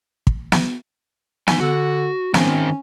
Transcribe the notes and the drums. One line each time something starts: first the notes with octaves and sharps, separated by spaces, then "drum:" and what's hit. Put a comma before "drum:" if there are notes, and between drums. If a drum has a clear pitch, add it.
drum: kick
drum: snare
D#4 G#5, drum: snare
D3 F#4
D#3 C4 C#4, drum: snare